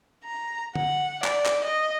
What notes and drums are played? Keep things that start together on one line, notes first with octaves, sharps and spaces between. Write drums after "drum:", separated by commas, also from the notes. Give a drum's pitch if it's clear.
A#5
F#5, drum: tom
D5, drum: clap
drum: clap
D#5